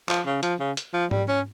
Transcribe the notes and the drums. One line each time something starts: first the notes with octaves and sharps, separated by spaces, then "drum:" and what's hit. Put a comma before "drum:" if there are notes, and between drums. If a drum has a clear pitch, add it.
F3, drum: clap
C#3
F3, drum: hi-hat
C#3
drum: hi-hat
F3
G3, drum: tom G#2
C#4